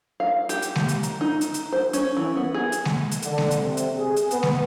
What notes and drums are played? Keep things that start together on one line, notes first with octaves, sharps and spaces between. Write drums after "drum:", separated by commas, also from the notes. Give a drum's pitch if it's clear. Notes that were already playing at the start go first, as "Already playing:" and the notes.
F5
G4, drum: hi-hat
drum: hi-hat
drum: snare G#3
drum: hi-hat
A#5, drum: hi-hat
D#4
drum: hi-hat
drum: hi-hat
C5
C#4, drum: hi-hat
E3
B3
G#4
drum: hi-hat
drum: snare G#3
drum: hi-hat
D3, drum: hi-hat
drum: snare G#3
drum: hi-hat
C3
drum: hi-hat
G#4
drum: hi-hat
B3, drum: hi-hat
drum: snare G#3